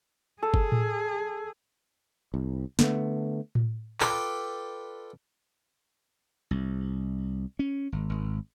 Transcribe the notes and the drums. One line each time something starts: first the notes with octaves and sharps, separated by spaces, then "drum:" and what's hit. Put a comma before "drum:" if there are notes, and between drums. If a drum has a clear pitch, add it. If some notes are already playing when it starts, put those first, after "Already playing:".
G#4 A4
drum: kick F#1
drum: tom A2
C2
D3 A3 B3, drum: snare
drum: tom A2
F4 A4 B4 D5 G5, drum: clap
C2
C#4
G#1
G#1